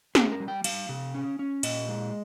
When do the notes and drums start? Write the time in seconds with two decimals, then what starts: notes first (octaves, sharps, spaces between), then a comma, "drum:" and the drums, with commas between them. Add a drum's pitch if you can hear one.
0.15 C#4 G#4, drum: snare
0.32 A#4
0.40 G3
0.48 G5
0.64 G3 F5, drum: cymbal
0.89 C3
1.14 C#4
1.39 C#4
1.63 A#2 D#5, drum: cymbal
1.88 G#3